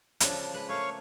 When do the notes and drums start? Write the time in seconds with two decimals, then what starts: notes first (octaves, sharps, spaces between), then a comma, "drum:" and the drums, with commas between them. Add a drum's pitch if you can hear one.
0.20 C#3 F3 D4, drum: hi-hat
0.54 G#3 B4 F#6
0.69 A3 A#3 C#5 F5 C#6